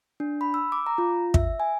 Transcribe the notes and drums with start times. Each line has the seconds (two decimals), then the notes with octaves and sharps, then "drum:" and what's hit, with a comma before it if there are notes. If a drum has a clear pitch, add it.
0.20 D4
0.41 B5
0.54 E6
0.72 D6
0.86 A#5
0.98 F4
1.34 E5, drum: kick
1.60 G#5